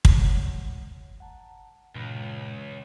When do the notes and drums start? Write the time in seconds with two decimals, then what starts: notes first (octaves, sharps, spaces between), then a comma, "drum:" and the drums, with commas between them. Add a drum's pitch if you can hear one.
0.05 drum: kick
0.18 G#3 C#5 F#5
1.20 F#5 A5 A#5
1.95 C#2 G2 A#2 E3 G#3